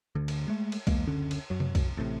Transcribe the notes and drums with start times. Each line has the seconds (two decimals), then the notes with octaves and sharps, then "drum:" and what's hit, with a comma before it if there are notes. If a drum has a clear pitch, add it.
0.15 D2 D3
0.28 drum: cymbal
0.48 G#3 A3
0.72 drum: cymbal
0.87 E2 E3 G#3 A#3, drum: kick B1, cymbal
1.07 F#1 D2 D3 C#4
1.31 drum: cymbal
1.50 F#2 F#3
1.60 drum: tom C3
1.75 drum: kick B1, cymbal
1.97 A1 A2 C3